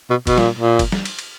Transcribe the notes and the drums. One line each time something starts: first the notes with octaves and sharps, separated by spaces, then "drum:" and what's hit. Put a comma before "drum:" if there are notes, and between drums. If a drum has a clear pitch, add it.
B2
B2, drum: kick F#1, cymbal
A#2, drum: snare G3
A#2
drum: kick F#1, cymbal
drum: snare G3
drum: cymbal
drum: cymbal